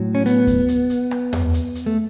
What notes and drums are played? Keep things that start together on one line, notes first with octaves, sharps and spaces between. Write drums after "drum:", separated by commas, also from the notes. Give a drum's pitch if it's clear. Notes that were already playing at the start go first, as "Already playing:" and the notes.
Already playing: A2 F#3
C#4
B3, drum: hi-hat
drum: kick D#2, hi-hat
drum: hi-hat
drum: hi-hat
drum: rim click
drum: tom E2
drum: hi-hat
drum: hi-hat
A3